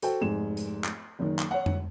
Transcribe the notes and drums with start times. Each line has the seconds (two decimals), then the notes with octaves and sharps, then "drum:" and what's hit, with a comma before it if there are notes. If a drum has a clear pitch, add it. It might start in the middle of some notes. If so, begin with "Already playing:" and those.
0.03 F#4 A4 C5 G5, drum: hi-hat
0.21 F1 G#2 G#4 E7
0.57 drum: hi-hat
0.84 drum: clap
1.19 F#1 D#3
1.39 drum: clap
1.51 C#5 F#5
1.66 drum: tom F2